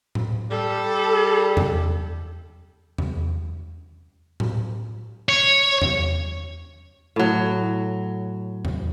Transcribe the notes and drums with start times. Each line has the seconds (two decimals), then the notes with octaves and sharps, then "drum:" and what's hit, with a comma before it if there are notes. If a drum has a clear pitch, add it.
0.15 drum: tom A2
0.51 G3 A4
1.57 drum: tom E2
2.98 drum: tom E2
4.40 drum: tom A2
5.29 C#5
5.82 drum: tom E2
7.16 A2 F#3
8.65 drum: tom E2